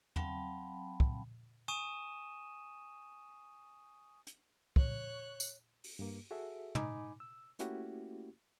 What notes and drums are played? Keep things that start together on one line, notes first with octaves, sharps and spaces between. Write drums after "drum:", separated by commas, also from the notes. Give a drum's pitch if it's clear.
F#3 C4 F5 G5 A5 B5, drum: tom E2
drum: kick
G#5 C#6 D#6 D#7 E7
drum: hi-hat
C#5 F#6, drum: kick
drum: tambourine
drum: open hi-hat
G2 A#3
F#4 G#4 A4 E5
G#2 D#4 G#5 B5 D6, drum: tom
E6
A3 A#3 C#4 E4 F#4 G4, drum: hi-hat